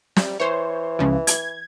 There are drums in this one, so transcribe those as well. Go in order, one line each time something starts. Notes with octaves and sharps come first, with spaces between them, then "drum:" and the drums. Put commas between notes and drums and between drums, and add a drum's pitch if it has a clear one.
G3, drum: snare
E3 C5 C#5
C#2 C#3 F3
G#6, drum: hi-hat